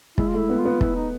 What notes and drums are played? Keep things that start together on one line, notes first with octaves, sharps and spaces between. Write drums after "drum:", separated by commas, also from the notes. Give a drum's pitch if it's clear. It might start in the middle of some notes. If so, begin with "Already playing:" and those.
G#3 E4, drum: kick
F4
A3 E4
B3
F4
B3
E4, drum: kick
D#4